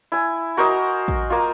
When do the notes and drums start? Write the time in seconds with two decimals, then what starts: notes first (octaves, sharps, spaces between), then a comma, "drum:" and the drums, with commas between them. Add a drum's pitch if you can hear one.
0.12 E4 G#5
0.57 F#4 A#4 C5 D#5
1.08 drum: kick A1
1.30 A#3 F4